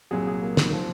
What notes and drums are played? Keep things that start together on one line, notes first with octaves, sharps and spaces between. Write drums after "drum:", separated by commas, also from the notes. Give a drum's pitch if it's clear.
C2 A#2 F#3 G#4
G#4
A#3
D#3, drum: snare
F3